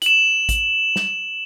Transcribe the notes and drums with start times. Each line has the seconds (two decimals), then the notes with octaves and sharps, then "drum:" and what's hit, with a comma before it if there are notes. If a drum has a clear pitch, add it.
0.02 E7 F#7, drum: hi-hat
0.49 drum: kick A1, hi-hat
0.96 drum: snare